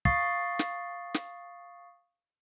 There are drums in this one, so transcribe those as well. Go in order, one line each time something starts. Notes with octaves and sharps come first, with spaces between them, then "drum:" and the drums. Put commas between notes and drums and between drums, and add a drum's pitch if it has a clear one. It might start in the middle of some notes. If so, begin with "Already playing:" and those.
F5 C#6 D#6 A6 C7, drum: kick
drum: snare
drum: snare